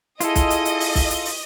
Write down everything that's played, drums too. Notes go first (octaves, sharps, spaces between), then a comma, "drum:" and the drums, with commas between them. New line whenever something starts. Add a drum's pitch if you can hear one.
E4 F4 G#4 A4 D#5, drum: hi-hat
drum: kick B1, hi-hat
drum: hi-hat
drum: hi-hat
drum: open hi-hat
drum: kick B1, open hi-hat
drum: hi-hat
drum: open hi-hat